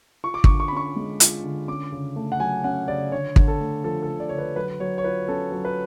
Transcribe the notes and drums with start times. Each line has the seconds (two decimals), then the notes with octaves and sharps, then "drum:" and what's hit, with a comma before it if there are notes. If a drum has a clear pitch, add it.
0.24 F4 C#6
0.34 D6
0.44 C#6, drum: kick
0.48 D3
0.60 C#6
0.68 B5
0.72 C#4 C#6
0.96 G#3
1.20 F4, drum: hi-hat
1.44 D3
1.68 C#4 D6
1.92 C#3
2.16 A3
2.32 F#5
2.40 F#3 G#5
2.64 C#4 F#5
2.88 C#3 D5
3.12 D3 C#5
3.36 D3, drum: kick
3.48 A4
3.60 A3
3.84 F3 A4
4.03 A4
4.08 D3
4.20 D5
4.29 D3 C#5
4.38 B4
4.56 F#3 B4
4.80 F#3 C#5
4.98 C#5
5.04 F4 B4
5.28 C#4 A4
5.52 F#3
5.65 B4